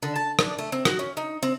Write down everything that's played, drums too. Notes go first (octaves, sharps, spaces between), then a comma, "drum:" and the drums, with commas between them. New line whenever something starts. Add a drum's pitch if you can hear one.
D3
A5
D4, drum: rim click
A3
C4
F#4, drum: rim click
C#4
D#4
C4